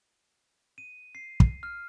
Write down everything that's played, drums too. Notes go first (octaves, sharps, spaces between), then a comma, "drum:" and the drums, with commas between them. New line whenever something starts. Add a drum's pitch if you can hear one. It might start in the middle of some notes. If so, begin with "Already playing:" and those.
D#7
C7
drum: kick
F6